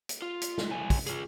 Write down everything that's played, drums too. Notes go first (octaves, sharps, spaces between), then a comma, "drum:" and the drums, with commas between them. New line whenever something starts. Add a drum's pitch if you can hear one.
drum: hi-hat
F4
drum: hi-hat
drum: snare
B1 G#5
drum: kick, open hi-hat
F4 G#4, drum: hi-hat